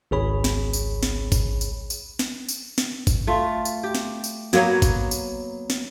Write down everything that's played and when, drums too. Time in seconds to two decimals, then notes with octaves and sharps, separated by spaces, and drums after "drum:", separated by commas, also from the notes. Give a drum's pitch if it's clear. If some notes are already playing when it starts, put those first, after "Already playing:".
0.11 G#1 C#2 G#4 C#5 B5
0.44 drum: snare
0.73 drum: tambourine
1.03 drum: snare
1.32 drum: kick G#1, tambourine
1.61 drum: tambourine
1.90 drum: tambourine
2.19 drum: snare
2.49 drum: tambourine
2.78 drum: snare
3.07 drum: kick G#1, tambourine
3.27 A3 F4
3.65 drum: tambourine
3.83 G4
3.95 drum: snare
4.24 drum: tambourine
4.53 F#3 A#3 B3 C#5, drum: snare
4.82 drum: kick G#1, tambourine
5.11 drum: tambourine
5.70 drum: snare